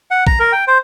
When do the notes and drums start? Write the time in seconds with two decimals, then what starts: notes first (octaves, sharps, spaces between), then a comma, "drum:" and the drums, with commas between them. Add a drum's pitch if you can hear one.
0.11 F#5
0.27 A#5, drum: kick
0.40 A#4
0.52 G5
0.68 C5